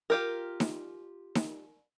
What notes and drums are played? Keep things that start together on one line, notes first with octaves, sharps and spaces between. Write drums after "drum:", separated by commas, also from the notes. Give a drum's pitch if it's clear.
F4 G4 A#4
drum: snare D#4
drum: snare D#4